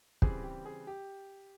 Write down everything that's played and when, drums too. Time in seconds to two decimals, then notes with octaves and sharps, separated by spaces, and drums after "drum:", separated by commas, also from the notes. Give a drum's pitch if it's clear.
0.22 C#3 E3 G3 C4 G#4, drum: kick
0.43 G4
0.65 G#4
0.87 G4